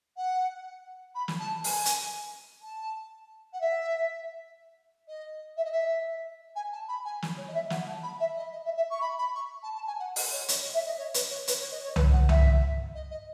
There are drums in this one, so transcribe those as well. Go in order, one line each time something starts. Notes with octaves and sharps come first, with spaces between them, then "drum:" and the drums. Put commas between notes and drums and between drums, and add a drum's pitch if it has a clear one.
F#5
B5
drum: snare
A5
G#5, drum: open hi-hat
drum: hi-hat
A5
F#5
E5
D#5
E5
D#5
E5
G#5
A5
B5
G#5
drum: snare
C#5
D#5
E5
F#5, drum: snare
A5
B5
E5
D#5
D#5
E5
E5
C#6
B5
B5
C#6
A5
A5
G#5
F#5
D#5, drum: open hi-hat
C#5
D#5, drum: hi-hat
C#5
E5
D#5
C#5
B4, drum: hi-hat
C#5
B4, drum: hi-hat
C#5
D#5
C#5
B4, drum: tom C2
F#5
E5, drum: tom C2
D#5
D#5